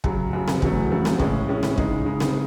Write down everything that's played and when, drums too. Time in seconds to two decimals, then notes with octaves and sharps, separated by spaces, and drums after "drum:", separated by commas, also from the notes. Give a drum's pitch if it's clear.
0.04 F#2 C#3 F#3, drum: kick
0.33 F#2 C#3 F#3
0.48 drum: snare C4
0.62 E2 C#3 F#3 A3, drum: kick
0.91 E2 C#3 F#3 A3
1.05 drum: snare C4
1.19 A2 G#3 C#4, drum: kick
1.49 A2 G#3 C#4
1.63 drum: snare C4
1.78 C#3 G#3 D#4, drum: kick
2.06 C#3 G#3 D#4
2.20 drum: snare C4